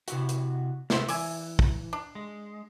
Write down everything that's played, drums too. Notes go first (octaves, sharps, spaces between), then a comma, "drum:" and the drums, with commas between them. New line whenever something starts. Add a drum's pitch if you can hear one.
C3 E4 F#4, drum: hi-hat
drum: hi-hat
C3 D#3 G#3 B3 C5 E5, drum: snare
E3 D5 E5 G#5, drum: open hi-hat
drum: kick
D4
G#3